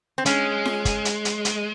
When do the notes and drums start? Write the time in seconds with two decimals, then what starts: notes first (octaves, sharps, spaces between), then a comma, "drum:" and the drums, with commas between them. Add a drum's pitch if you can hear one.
0.18 C4
0.26 G#3 C#4, drum: hi-hat
0.65 drum: snare F4
0.85 drum: kick G1, hi-hat
1.05 drum: hi-hat
1.25 drum: hi-hat
1.45 drum: hi-hat